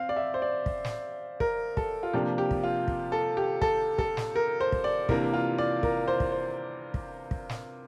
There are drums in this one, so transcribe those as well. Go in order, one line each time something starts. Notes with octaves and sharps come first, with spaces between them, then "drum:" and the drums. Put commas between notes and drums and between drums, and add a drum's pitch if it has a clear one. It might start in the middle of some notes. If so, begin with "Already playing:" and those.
Already playing: C4 F5
D5
E5
C5
D5
drum: kick
drum: snare
A#4, drum: kick
A4, drum: kick
F4
C3 F3 A#3 D4 G4
G4
drum: kick
F4
drum: kick
A4
G4
A4, drum: kick
A4, drum: kick
drum: snare
A#4
C5
drum: kick
D5
C3 E3 A#3 D4 A#4, drum: kick
F4
D5
A#4, drum: kick
C5
drum: kick
C5
drum: kick
drum: kick
drum: snare